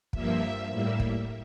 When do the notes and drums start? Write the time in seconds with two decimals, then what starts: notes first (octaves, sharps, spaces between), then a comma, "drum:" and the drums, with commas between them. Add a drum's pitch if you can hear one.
0.13 G2 F3 A#3 E5, drum: kick
0.70 A2 G3 A#3 E5
0.99 drum: kick